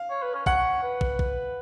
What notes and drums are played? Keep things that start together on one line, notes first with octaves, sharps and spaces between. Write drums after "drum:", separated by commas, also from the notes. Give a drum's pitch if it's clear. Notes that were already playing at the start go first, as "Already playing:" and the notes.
Already playing: F5
C#5
B4
C#4
C#4 F#5, drum: kick
B4
drum: kick
drum: kick